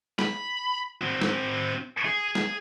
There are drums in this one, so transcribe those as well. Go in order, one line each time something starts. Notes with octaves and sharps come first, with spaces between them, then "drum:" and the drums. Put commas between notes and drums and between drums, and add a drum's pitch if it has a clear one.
B5, drum: snare
C4 F#4
drum: snare
G#4
drum: snare